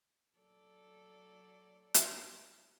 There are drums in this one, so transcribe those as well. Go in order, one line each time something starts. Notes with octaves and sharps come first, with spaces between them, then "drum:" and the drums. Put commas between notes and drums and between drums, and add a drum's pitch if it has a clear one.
F#3 A4 D5
drum: hi-hat